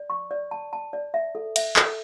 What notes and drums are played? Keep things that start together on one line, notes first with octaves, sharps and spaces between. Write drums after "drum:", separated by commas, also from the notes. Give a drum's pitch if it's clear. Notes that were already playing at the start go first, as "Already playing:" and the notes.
Already playing: D5
C#6
D5
A5
A5
D5
E5
A4
E5, drum: cymbal
A4, drum: clap